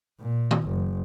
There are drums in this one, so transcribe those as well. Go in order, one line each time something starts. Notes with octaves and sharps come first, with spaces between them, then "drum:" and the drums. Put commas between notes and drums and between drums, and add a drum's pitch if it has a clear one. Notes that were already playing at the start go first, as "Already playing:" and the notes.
A#2
drum: tom D#3
F#1